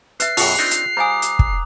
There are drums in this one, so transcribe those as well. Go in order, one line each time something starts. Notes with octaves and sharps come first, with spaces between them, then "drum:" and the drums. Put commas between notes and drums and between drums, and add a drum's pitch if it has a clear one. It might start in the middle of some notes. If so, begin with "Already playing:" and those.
B4 E5 F#6 C7, drum: hi-hat
F#2 B2 F4 G#4 G5 F7, drum: open hi-hat
C4 D4 D#4
drum: hi-hat
G3 C5 F5 G#5 A#5 D6 D#6
drum: hi-hat
drum: kick